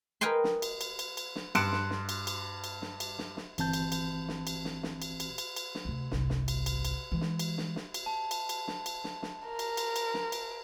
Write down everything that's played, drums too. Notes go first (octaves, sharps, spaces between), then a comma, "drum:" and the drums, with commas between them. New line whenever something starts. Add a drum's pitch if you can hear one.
A#4 B4 D#5 G5 G#5 C6
drum: snare
drum: cymbal
drum: cymbal
drum: cymbal
drum: cymbal
drum: snare
G2 C6 F#6 C#7 D7 E7, drum: cymbal
drum: snare
drum: snare
drum: cymbal
drum: cymbal
drum: cymbal
drum: snare
drum: cymbal
drum: snare
drum: snare
G1 E3 C4 A5 G6, drum: cymbal
drum: cymbal
drum: cymbal
drum: snare
drum: cymbal
drum: snare
drum: snare
drum: cymbal
drum: cymbal
drum: cymbal
drum: cymbal
drum: snare
D2 C3
G1 C2, drum: snare
drum: snare
drum: cymbal
drum: cymbal
drum: cymbal
E3 G#3
drum: snare
drum: cymbal
drum: snare
drum: snare
drum: cymbal
A5
drum: cymbal
drum: cymbal
drum: snare
drum: cymbal
drum: snare
drum: snare
A#4
drum: cymbal
drum: cymbal
drum: cymbal
drum: snare
drum: cymbal